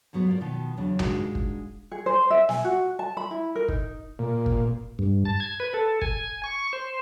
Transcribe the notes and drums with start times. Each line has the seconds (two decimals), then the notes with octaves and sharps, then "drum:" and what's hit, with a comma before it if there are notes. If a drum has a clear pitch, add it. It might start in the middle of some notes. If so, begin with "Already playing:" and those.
0.13 D2 G#2 F#3 B3 F#4
0.27 F4 A#4 D5
0.41 B2 D#3 F3 B3
0.77 E2 C#3 F#3 D4
0.99 G#3 D4 D#4 F4 F#4 A#4, drum: tom B1
1.35 drum: kick
1.91 G#4
2.06 C5
2.30 E5
2.49 G#5, drum: snare
2.64 F#4
2.99 A5
3.17 B5
3.31 E4
3.55 A#4
3.68 D#4, drum: kick
4.19 A#2
4.46 drum: kick
4.99 G2
5.25 A5
5.40 G#6
5.60 B4
5.74 A4
6.02 G#5, drum: kick
6.44 C#6
6.73 C5